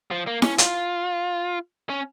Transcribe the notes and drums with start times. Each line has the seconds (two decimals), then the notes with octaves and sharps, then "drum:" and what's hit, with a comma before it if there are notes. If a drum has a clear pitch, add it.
0.11 F3
0.27 A#3
0.42 C#4, drum: snare E4
0.58 F4, drum: hi-hat
1.89 C#4